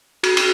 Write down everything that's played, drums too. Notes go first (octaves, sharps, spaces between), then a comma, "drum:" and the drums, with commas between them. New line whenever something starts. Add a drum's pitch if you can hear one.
F#4, drum: cymbal
drum: cymbal